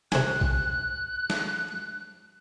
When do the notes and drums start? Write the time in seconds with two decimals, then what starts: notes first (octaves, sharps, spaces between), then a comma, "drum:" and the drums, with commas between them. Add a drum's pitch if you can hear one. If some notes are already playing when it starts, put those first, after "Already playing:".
0.12 C3 G#5 F#6, drum: snare
0.41 drum: kick B1
1.30 drum: snare